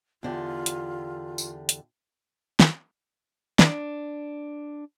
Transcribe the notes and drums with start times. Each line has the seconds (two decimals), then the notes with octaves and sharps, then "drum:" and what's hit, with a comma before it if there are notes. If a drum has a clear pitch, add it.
0.23 E2 D3 F4 G4
0.66 drum: hi-hat
1.38 drum: tambourine
1.69 drum: hi-hat
2.60 drum: snare
3.59 D4, drum: snare